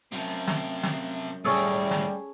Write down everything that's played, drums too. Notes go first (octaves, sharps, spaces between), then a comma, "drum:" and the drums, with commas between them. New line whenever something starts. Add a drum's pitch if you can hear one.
F#2 C3 F3, drum: hi-hat
drum: snare
drum: snare
D#2 A2 G3 C#4 G#4 A4
drum: hi-hat
drum: snare